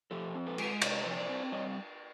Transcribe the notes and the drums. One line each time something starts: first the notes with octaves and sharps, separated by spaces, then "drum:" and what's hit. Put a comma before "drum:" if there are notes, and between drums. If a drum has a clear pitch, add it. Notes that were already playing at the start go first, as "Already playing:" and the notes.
F3 G4 A4
C4
A4 B4
G#3, drum: cymbal
C3 C#5 D#5, drum: cymbal
C5
F3 C#5
C5 D5
C4
G3 C#5 D#5